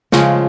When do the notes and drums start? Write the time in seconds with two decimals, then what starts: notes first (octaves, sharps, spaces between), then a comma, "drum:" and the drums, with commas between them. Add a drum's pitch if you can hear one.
0.12 C#3 F3 G#3, drum: snare